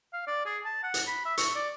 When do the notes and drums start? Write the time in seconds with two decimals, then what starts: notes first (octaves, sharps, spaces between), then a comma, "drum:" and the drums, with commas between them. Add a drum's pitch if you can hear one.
0.13 F5
0.27 D5
0.45 G#4
0.65 A5
0.83 F#5
0.94 drum: hi-hat
1.07 B5
1.26 E5
1.37 C#6, drum: hi-hat
1.55 D5